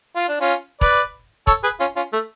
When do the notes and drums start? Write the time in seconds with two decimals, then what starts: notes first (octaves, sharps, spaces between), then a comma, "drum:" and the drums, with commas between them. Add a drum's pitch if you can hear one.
0.16 F4
0.29 D4
0.41 C#4 F4
0.81 B4 D5, drum: kick E1
1.47 A4 C#5, drum: kick E1
1.64 G#4 B4
1.80 C#4 F4
1.96 C#4 F4
2.13 A3